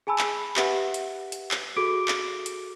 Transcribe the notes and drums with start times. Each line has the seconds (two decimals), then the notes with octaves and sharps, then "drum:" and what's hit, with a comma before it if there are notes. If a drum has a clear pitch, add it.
0.07 G#4 G#5 A5 B5 E6
0.18 drum: clap
0.56 G4 B4 E5 F#5, drum: clap
0.94 drum: hi-hat
1.32 drum: hi-hat
1.51 drum: clap
1.76 F#4 G#4 A4 D6 D7
2.08 drum: clap
2.46 drum: hi-hat